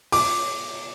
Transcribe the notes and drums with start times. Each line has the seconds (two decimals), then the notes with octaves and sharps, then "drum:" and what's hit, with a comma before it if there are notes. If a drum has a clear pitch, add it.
0.12 D6, drum: open hi-hat